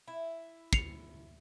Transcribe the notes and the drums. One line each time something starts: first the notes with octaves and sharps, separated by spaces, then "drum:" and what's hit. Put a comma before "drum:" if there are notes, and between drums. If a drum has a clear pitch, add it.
E4
C7 C#7 F7, drum: kick